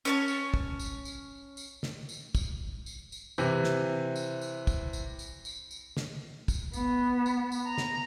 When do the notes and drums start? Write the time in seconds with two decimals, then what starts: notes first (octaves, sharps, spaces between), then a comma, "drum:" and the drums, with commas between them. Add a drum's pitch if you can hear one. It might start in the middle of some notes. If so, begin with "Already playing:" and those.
0.05 C#4 C#5 A5
0.28 drum: tambourine
0.54 drum: kick
0.79 drum: tambourine
1.05 drum: tambourine
1.57 drum: tambourine
1.83 drum: snare
2.09 drum: tambourine
2.35 drum: kick, tambourine
2.86 drum: tambourine
3.12 drum: tambourine
3.38 C3 E3, drum: tambourine
3.64 drum: snare
4.16 drum: tambourine
4.41 drum: tambourine
4.67 drum: kick, tambourine
4.93 drum: tambourine
5.19 drum: tambourine
5.45 drum: tambourine
5.71 drum: tambourine
5.97 drum: snare
6.48 drum: kick, tambourine
6.73 B3, drum: tambourine
7.26 drum: tambourine
7.52 drum: tambourine
7.67 A#5
7.78 drum: snare